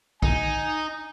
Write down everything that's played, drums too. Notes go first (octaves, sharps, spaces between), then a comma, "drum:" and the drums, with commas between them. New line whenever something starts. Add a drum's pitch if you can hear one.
D#4 G#5, drum: kick